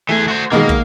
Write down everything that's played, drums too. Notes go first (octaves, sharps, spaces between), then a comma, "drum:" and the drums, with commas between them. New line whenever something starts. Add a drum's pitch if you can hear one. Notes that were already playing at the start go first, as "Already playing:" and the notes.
E3 A3 G#4
F#4 C5
B2 D#3 G#3 A#3
drum: kick